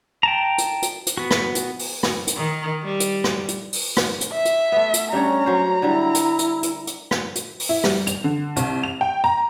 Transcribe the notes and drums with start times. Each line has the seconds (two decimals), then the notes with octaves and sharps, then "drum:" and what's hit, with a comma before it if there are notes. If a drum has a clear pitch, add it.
0.23 G5 A5 A#5
0.58 drum: hi-hat
0.82 drum: hi-hat
1.06 drum: hi-hat
1.17 B3 F#4
1.31 drum: rim click
1.55 drum: hi-hat
1.79 drum: open hi-hat
2.03 drum: rim click
2.27 drum: hi-hat
2.37 D#3
2.84 G3
3.00 drum: hi-hat
3.24 drum: rim click
3.48 drum: hi-hat
3.73 drum: open hi-hat
3.97 drum: rim click
4.21 drum: hi-hat
4.32 E5
4.45 drum: hi-hat
4.72 A3 B3
4.93 drum: hi-hat
5.13 G3 C#4 D4 C#5 A#5
5.46 F#3 C5
5.82 D3 G3 E4
6.14 drum: hi-hat
6.39 drum: hi-hat
6.63 drum: hi-hat
6.87 drum: hi-hat
7.11 drum: rim click
7.35 drum: hi-hat
7.59 drum: open hi-hat
7.69 E4
7.84 G3, drum: rim click
8.07 F7, drum: hi-hat
8.24 D3
8.56 C2, drum: hi-hat
8.83 F7
9.01 G5
9.24 A#5